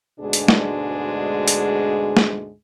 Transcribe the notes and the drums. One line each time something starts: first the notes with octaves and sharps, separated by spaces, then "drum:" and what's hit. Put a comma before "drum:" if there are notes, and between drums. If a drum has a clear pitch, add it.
D2 G#2 B2 G#3 D4 G#4
drum: hi-hat
drum: snare
drum: hi-hat
drum: snare